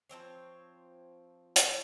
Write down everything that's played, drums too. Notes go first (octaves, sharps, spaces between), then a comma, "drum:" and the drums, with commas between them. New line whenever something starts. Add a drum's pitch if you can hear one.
F3 G#3 C4 C#5
drum: hi-hat